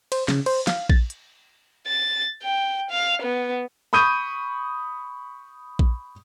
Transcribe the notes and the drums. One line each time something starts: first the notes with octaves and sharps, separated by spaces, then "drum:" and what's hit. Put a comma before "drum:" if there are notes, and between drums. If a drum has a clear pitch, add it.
C5, drum: cymbal
C#3, drum: snare
C5, drum: cymbal
F5, drum: snare
A6, drum: kick A#1
drum: hi-hat
A6
G5
F5
B3
B5 C#6 D#6 G6 D#7
drum: kick A#1